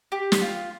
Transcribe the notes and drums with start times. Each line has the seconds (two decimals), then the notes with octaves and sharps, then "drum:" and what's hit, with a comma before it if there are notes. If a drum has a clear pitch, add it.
0.12 G4
0.32 drum: snare
0.42 F4